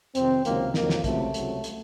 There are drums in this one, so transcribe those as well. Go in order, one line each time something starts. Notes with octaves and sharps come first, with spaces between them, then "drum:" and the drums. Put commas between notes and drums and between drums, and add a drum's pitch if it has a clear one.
F2 C3 D#3 C4, drum: hi-hat
C#2 C3 D#3 F#3 A#3, drum: hi-hat
F2 D#3 F#3 A#3, drum: snare
drum: snare
C#2 C3 F#3 A3, drum: kick, hi-hat
C#2 C3 F#3, drum: hi-hat
drum: hi-hat